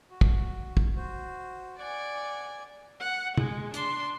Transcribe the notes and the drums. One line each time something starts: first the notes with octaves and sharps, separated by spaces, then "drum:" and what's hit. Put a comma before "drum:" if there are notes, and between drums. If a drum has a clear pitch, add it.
F#4
drum: kick
drum: kick
F#4 C5
D5 F#5 G#5
F#5
G#3, drum: tom
D4 C6, drum: hi-hat